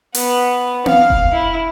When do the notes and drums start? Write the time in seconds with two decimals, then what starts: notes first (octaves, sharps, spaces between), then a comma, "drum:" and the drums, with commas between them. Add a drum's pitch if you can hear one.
0.15 B3, drum: hi-hat
0.86 F5, drum: tom B3
1.10 drum: kick F1
1.32 E4